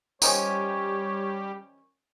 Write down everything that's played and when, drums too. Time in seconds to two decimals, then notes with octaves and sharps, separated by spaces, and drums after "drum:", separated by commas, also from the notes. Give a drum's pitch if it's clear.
0.22 D#3 F3 G3 C#4 G4 C#5, drum: tambourine